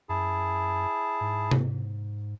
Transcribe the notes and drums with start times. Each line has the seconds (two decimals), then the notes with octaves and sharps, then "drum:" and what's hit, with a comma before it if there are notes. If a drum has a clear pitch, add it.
0.09 F#2 E4 G#4 A5
1.21 G#2
1.51 drum: tom C3